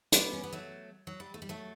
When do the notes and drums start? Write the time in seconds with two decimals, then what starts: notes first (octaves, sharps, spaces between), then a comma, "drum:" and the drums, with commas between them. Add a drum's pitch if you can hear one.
0.12 G3 B3, drum: hi-hat
0.33 C#4
0.43 B3
0.53 F#3 A3
1.07 F#3
1.20 G3
1.34 A3
1.42 G3
1.49 F#3 A3